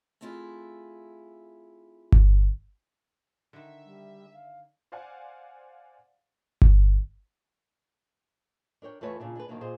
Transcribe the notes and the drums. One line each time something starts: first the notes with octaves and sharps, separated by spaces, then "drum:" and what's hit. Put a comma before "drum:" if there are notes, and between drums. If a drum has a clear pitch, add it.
A3 C4 E4 F4 G#4
drum: kick G1
D3 D#3 E5
G3
F5
C5 D5 F5 F#5 G#5
drum: kick G1
D4 A#4 C#5 G5
E2 A3 F4 B4 C#5 E5
A#2 C#3 D4
D4 G#4 A4 B4
C3 D#3 E3 F#3 A#3 D4
A#2 G#4 C5 D#5